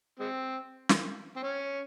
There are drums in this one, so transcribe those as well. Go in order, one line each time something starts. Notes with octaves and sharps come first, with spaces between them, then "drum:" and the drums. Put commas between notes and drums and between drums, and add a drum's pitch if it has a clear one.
G#3 C4
drum: snare
C4
C#4